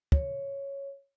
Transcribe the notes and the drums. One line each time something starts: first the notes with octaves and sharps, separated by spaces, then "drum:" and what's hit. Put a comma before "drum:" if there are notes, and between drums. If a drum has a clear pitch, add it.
C#5, drum: kick